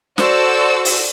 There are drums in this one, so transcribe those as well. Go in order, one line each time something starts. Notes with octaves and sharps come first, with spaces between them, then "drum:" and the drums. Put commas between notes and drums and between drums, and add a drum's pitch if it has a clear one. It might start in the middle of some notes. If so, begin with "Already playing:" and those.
F#4 A4 C5 D5 E6, drum: snare
drum: open hi-hat